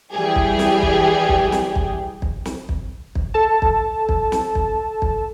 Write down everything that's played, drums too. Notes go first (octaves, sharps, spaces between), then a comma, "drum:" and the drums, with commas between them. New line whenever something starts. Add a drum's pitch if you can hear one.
E3 G3 G4 G#4
drum: kick
drum: snare
drum: kick
drum: kick
drum: snare
drum: kick
drum: kick
drum: snare
drum: kick
drum: kick
A4 A5
drum: kick
drum: kick
drum: snare
drum: kick
drum: kick